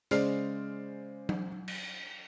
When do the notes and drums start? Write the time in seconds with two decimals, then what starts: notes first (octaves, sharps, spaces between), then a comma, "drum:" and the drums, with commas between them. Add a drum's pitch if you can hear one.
0.11 C#3 G#3 C5 D5 F6 C7, drum: hi-hat
1.29 drum: tom F#3
1.68 drum: cymbal